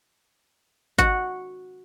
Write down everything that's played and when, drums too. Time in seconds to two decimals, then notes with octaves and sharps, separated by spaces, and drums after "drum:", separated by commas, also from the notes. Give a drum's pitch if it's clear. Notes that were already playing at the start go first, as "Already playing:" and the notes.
0.98 F#4, drum: kick G#1